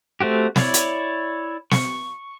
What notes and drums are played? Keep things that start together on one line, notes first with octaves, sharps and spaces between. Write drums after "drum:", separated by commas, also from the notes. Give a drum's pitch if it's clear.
A3 C4 F#4 G4
E4 C#5 D5, drum: snare
drum: hi-hat
C#6, drum: snare